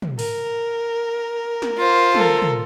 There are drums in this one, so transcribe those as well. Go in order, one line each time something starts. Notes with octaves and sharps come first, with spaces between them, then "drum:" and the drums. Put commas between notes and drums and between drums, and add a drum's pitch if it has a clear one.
drum: tom
A#4, drum: open hi-hat
drum: snare
F4 C5
A4 A#4, drum: tom
drum: tom